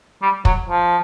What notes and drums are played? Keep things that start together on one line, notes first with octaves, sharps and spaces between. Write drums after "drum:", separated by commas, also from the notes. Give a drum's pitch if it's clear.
G3
F#3, drum: kick
F3